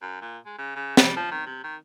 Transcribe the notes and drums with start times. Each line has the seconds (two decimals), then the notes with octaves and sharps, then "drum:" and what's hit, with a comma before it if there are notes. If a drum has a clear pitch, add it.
0.02 F#2
0.22 A#2
0.46 G#3
0.58 C#3
0.76 C#3
0.97 G3, drum: snare
1.16 F3
1.32 D#3
1.46 C3
1.64 D#3